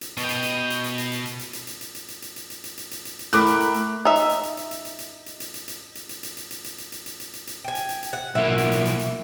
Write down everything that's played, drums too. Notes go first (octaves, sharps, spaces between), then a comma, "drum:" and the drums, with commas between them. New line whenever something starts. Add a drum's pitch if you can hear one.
drum: hi-hat
B2 D#5 G5, drum: hi-hat
drum: hi-hat
drum: hi-hat
drum: hi-hat
drum: hi-hat
drum: hi-hat
drum: hi-hat
drum: hi-hat
drum: hi-hat
drum: hi-hat
drum: hi-hat
drum: hi-hat
drum: hi-hat
drum: hi-hat
drum: hi-hat
drum: hi-hat
drum: hi-hat
drum: hi-hat
drum: hi-hat
drum: hi-hat
drum: hi-hat
drum: hi-hat
A2 A3 A#4 B5 D6 F#6, drum: hi-hat
drum: hi-hat
drum: hi-hat
drum: hi-hat
D#4 E5
drum: hi-hat
drum: hi-hat
drum: hi-hat
drum: hi-hat
drum: hi-hat
drum: hi-hat
drum: hi-hat
drum: hi-hat
drum: hi-hat
drum: hi-hat
drum: hi-hat
drum: hi-hat
drum: hi-hat
drum: hi-hat
drum: hi-hat
drum: hi-hat
drum: hi-hat
drum: hi-hat
drum: hi-hat
drum: hi-hat
drum: hi-hat
drum: hi-hat
drum: hi-hat
G5 G#5
drum: hi-hat
drum: hi-hat
drum: hi-hat
F#5
B1 A#3 E4 E5 F#5
drum: hi-hat
drum: hi-hat
drum: hi-hat
drum: hi-hat